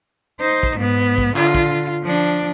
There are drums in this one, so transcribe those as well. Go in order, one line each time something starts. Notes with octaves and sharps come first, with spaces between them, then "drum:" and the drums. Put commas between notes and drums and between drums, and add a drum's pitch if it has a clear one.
D#4 C5
drum: kick
G#2 B3
drum: kick
D3 F4, drum: clap
drum: kick
F3 D4